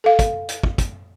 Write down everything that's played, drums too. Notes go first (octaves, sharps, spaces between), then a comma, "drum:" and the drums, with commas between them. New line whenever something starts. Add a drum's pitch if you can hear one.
A4 F5
drum: kick, hi-hat
drum: hi-hat
drum: kick
drum: kick, hi-hat